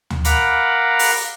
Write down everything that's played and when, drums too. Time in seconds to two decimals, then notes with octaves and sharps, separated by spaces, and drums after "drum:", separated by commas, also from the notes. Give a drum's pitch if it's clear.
0.10 drum: tom D2
0.25 A#4 F5 F#5 A#5 B5 D6, drum: hi-hat
0.99 drum: open hi-hat